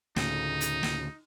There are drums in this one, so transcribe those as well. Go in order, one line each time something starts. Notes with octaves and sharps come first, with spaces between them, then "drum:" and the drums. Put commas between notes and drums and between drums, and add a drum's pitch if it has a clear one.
D2 A2 C#3 D#4, drum: snare
drum: hi-hat
drum: snare